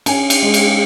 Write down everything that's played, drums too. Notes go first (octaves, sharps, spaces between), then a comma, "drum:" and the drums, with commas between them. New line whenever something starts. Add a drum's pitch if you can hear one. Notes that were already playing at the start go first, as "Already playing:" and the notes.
C#4 G#5, drum: cymbal
drum: cymbal
G#3
drum: cymbal